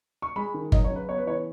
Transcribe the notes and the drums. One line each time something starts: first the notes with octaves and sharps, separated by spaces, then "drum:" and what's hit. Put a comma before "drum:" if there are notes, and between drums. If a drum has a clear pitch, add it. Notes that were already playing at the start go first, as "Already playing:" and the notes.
C#6
G#3 B5
D#3
F#3 D#5, drum: kick G1
C#5
C#3
B4
B3 C#5
B4
E3 C#5